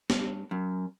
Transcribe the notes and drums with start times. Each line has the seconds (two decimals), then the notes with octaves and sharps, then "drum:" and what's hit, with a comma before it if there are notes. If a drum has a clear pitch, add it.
0.10 G2, drum: snare
0.51 F#2